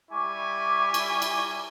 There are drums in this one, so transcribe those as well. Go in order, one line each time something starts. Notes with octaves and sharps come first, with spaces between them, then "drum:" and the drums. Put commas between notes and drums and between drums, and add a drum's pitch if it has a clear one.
G3 E4 G#5 C#6 D6
drum: cymbal
drum: cymbal